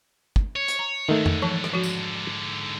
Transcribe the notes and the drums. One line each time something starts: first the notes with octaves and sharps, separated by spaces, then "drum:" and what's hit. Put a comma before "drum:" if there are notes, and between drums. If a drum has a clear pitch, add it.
drum: kick
C#5
drum: hi-hat
A#5
G#2 D3 D#3 A3
drum: tom F2
E3 F3 A5
drum: rim click
F3 F#4
drum: tambourine